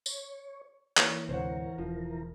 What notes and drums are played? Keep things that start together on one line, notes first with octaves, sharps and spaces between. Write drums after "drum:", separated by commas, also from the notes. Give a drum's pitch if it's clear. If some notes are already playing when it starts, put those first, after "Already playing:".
C#5, drum: tambourine
E3 A#3 A#4 C#5 D5, drum: clap
D2 G#2 C3 C5 C#5 F#5
E1 F3